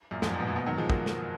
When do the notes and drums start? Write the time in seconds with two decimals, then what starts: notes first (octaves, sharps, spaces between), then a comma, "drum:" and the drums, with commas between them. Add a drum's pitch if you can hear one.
0.11 F#2 A#2
0.22 F2 G#2, drum: snare
0.30 F#2 A#2
0.39 G#2 B2
0.47 F#2 A#2
0.56 G#2 B2
0.66 D#3 F#3
0.78 F3 G#3
0.90 F#3 A#3, drum: kick
1.06 drum: snare